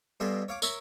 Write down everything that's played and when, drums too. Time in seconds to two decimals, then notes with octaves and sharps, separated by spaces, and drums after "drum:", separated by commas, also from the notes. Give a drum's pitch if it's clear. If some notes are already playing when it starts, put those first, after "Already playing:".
0.20 G2 B2 A4 G#5 C6 D#6
0.48 C#5 F5 D6
0.62 A#4 C#5 E5, drum: tambourine